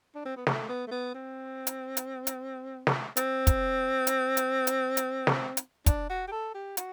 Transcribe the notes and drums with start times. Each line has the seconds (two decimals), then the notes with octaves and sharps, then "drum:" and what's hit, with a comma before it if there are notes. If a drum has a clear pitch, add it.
0.15 D4
0.25 C4
0.37 B3
0.47 A3, drum: snare
0.69 B3
0.87 A3
0.91 B3
1.14 C4
1.67 drum: hi-hat
1.97 drum: hi-hat
2.27 drum: hi-hat
2.87 drum: snare
3.17 C4, drum: hi-hat
3.47 drum: kick, hi-hat
4.07 drum: hi-hat
4.37 drum: hi-hat
4.67 drum: hi-hat
4.97 drum: hi-hat
5.27 drum: snare
5.57 drum: hi-hat
5.86 D4, drum: kick, hi-hat
6.10 F#4
6.28 G4
6.32 A4
6.54 G4
6.77 F#4, drum: hi-hat